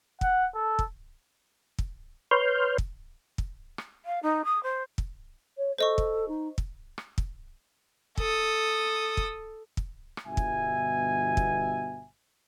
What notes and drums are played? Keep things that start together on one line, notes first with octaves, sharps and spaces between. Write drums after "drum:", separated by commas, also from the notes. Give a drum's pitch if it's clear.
F#5, drum: kick
A4
drum: kick
drum: kick
B4 C#5 C6 F6 G6
drum: kick
drum: kick
drum: rim click
F5
D#4
D#6
C5
drum: kick
C#5
A4 C5 D#5 C#6
drum: kick
D#4
drum: kick
drum: rim click
drum: kick
A4 D#6, drum: kick
drum: kick
drum: kick
drum: rim click
G1 B2 E5 G#5
drum: kick
drum: kick